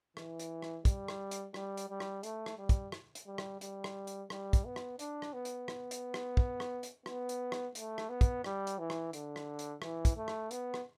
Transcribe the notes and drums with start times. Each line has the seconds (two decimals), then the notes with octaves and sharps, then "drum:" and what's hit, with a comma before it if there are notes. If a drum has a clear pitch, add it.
0.17 E3, drum: rim click
0.39 drum: hi-hat
0.62 drum: rim click
0.85 G3, drum: kick, hi-hat
1.08 drum: rim click
1.31 drum: hi-hat
1.54 G3, drum: rim click
1.77 drum: hi-hat
1.89 G3
2.00 drum: rim click
2.23 A3, drum: hi-hat
2.46 drum: rim click
2.57 G3
2.69 drum: kick, hi-hat
2.92 drum: rim click
3.15 drum: hi-hat
3.27 G3
3.38 drum: rim click
3.61 G3, drum: hi-hat
3.84 drum: rim click
4.07 drum: hi-hat
4.30 G3, drum: rim click
4.53 drum: kick, hi-hat
4.65 B3
4.76 drum: rim click
4.99 D4, drum: hi-hat
5.22 drum: rim click
5.33 B3
5.45 drum: hi-hat
5.68 drum: rim click
5.91 drum: hi-hat
6.14 drum: rim click
6.37 drum: kick
6.60 drum: rim click
6.83 drum: hi-hat
7.06 B3, drum: rim click
7.29 drum: hi-hat
7.52 drum: rim click
7.75 A3, drum: hi-hat
7.98 drum: rim click
8.09 B3
8.21 drum: kick, hi-hat
8.44 G3, drum: rim click
8.67 drum: hi-hat
8.78 E3
8.90 drum: rim click
9.13 D3, drum: hi-hat
9.36 drum: rim click
9.59 drum: hi-hat
9.82 E3, drum: rim click
10.05 drum: kick, hi-hat
10.17 A3
10.28 drum: rim click
10.51 B3, drum: hi-hat
10.74 drum: rim click